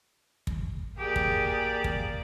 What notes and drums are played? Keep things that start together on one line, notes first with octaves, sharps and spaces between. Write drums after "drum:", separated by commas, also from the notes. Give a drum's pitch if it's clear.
drum: kick
A#3 G4 G#4 D5
drum: kick
drum: kick